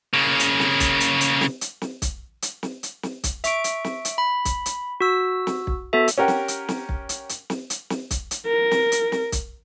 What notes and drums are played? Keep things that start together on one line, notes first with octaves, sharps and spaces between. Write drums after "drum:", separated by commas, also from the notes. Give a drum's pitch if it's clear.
C#3 A#3
drum: hi-hat
drum: snare
drum: kick, hi-hat
drum: hi-hat
drum: hi-hat
drum: snare
drum: hi-hat
drum: snare
drum: kick, hi-hat
drum: hi-hat
drum: snare
drum: hi-hat
drum: snare
drum: kick, hi-hat
E5 C#6 D7, drum: hi-hat
drum: hi-hat
drum: snare
drum: hi-hat
B5
drum: kick, hi-hat
drum: hi-hat
F#4 E6
drum: snare
drum: kick
B3 F#4 A4 E5
drum: hi-hat
C#4 G4 A#4 F#5 G5
drum: snare
drum: hi-hat
drum: snare
drum: kick
drum: hi-hat
drum: hi-hat
drum: snare
drum: hi-hat
drum: snare
drum: kick, hi-hat
drum: hi-hat
A#4
drum: snare
drum: hi-hat
drum: snare
drum: kick, hi-hat